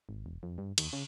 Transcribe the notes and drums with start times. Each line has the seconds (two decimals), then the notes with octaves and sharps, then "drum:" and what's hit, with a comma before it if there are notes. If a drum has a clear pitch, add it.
0.09 G#1
0.26 E1
0.43 F2
0.58 G2
0.78 D#2, drum: cymbal
0.93 C#3